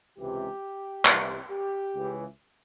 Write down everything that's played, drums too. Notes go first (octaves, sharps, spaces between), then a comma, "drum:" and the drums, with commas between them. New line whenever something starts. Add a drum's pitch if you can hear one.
C#2 C3 E3 G4
C2 C3 E3, drum: clap
G4
C#2 C#3 E3